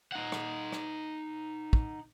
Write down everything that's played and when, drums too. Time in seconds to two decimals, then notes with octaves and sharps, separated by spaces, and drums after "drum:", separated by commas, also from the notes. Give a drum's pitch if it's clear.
0.12 D#4 F#5
0.32 drum: rim click
0.72 drum: rim click
1.73 drum: kick